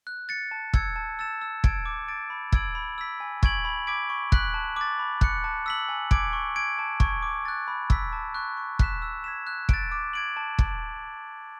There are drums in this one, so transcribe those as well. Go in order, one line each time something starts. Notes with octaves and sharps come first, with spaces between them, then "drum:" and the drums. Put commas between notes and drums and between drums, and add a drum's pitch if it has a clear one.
F#6
A6 C#7
A5
E6 G#6 C#7, drum: kick
A5
E6 A6 E7
E6
G#6 D7, drum: kick
D6
A6 D7
B5
E6 G#6 D7 F#7, drum: kick
B5
E6 B6
G#5
C#6 G#6 D7 F#7, drum: kick
B5
D6 G#6 B6 D7
C#6
F#6 B6 F#7, drum: kick
A5
D6 A6
B5
F#6 C#7, drum: kick
A5
E6 B6 F#7
G#5
D6 G#6 D7, drum: kick
C#6
G#6 D7
A5
C#6 G#6, drum: kick
D6
F#6 A6
B5
E6 B6, drum: kick
A5
C#6 F#6
C#6
F#6 B6 E7, drum: kick
E6
G#6 B6 E7
F#6
A6 D7, drum: kick
D6
G#6 D7 F#7
A5
drum: kick